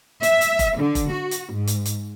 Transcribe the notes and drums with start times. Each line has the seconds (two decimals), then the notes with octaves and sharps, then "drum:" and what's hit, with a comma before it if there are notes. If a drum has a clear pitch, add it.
0.23 E5, drum: hi-hat
0.41 drum: hi-hat
0.59 drum: kick F1, hi-hat
0.77 D3
0.95 drum: kick F1, hi-hat
1.11 F#4
1.31 drum: hi-hat
1.54 G#2
1.67 drum: hi-hat
1.85 drum: hi-hat